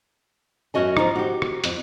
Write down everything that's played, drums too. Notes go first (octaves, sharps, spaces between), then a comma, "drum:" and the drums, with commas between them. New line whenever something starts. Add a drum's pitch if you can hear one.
F#2 E3 C#4 F#4 D#5 G#5
F3 D#4, drum: rim click
F#4 G4
drum: rim click
F2, drum: hi-hat